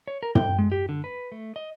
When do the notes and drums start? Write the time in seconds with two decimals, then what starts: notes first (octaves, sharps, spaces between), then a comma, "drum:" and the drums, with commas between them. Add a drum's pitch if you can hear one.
0.08 C#5
0.23 A#4
0.35 G5, drum: tom
0.58 G#3
0.72 G4
0.89 D3
1.04 B4
1.32 A3
1.56 D#5